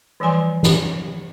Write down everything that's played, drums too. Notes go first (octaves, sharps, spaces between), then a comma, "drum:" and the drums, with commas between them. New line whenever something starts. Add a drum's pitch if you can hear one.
E3 F3 G3 G#5 C6
drum: snare